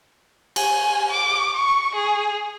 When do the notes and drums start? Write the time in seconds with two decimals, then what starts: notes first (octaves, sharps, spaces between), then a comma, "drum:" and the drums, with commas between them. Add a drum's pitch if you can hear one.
0.56 G#5, drum: cymbal
1.10 D6
1.56 C#6
1.95 G#4